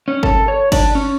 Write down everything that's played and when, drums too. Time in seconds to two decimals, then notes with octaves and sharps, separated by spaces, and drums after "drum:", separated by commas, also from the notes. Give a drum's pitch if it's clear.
0.08 C#4
0.23 A4, drum: kick G1
0.48 C#5
0.72 D4, drum: kick G1, cymbal
0.95 C#4